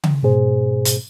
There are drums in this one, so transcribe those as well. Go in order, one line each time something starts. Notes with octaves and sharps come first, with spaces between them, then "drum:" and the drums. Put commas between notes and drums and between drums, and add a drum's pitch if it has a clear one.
drum: tom C#3
G#2 B2 G#4 C5
drum: hi-hat